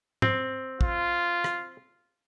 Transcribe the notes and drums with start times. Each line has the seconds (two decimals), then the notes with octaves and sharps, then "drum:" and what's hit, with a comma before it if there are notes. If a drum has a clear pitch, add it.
0.22 C4, drum: tom
0.81 F4, drum: kick
1.44 drum: rim click